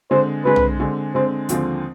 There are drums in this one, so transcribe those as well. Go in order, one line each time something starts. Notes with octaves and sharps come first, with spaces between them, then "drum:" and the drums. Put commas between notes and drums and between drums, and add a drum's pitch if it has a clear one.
D3 G#3 C4 C5
D3 G#3 C4 B4
drum: tom
D3 G#3 C4
D3 G#3 C4 C5
D#2 D3 F3 G#3 C4, drum: hi-hat